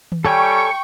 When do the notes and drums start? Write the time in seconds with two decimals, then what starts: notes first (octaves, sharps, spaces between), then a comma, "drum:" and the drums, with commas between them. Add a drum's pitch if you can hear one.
0.12 drum: tom D#3
0.25 G3 A4 C#5 G5 G#5 C#6